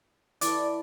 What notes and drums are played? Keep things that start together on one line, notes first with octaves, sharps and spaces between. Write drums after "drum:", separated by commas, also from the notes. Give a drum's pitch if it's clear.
E3 A4 D5, drum: hi-hat